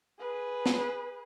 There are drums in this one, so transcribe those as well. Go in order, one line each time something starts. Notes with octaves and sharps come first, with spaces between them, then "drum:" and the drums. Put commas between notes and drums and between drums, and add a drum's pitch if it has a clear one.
G#4 B4
drum: snare B3